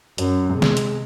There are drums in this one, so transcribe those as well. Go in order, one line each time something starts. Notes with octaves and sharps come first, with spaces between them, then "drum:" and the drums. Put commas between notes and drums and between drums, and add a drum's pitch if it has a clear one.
F#2, drum: hi-hat
C3 G#3
drum: snare
drum: hi-hat